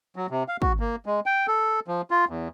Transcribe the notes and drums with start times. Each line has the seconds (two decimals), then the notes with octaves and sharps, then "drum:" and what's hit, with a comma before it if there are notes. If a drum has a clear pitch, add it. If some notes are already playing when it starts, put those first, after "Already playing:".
0.16 F#3
0.30 C3
0.48 F5
0.62 F#4, drum: kick
0.80 A#3
1.06 G#3
1.26 G5
1.47 A4
1.88 F3
2.11 F4
2.29 E2